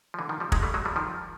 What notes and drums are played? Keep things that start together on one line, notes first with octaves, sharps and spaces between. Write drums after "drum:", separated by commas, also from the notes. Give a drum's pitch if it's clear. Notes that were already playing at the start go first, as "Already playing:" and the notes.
F3
D3 E3
D#3 F3
F3 G3
F#3 G#3, drum: kick
G3 A3
F#3 G#3
F3 G3
D#3 F3